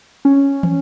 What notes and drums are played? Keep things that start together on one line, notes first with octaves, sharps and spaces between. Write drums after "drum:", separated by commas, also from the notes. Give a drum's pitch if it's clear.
C#4
drum: tom